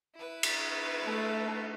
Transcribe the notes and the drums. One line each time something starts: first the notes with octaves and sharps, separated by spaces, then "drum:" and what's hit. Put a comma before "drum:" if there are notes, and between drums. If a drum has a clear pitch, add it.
E4 B4
drum: cymbal
A3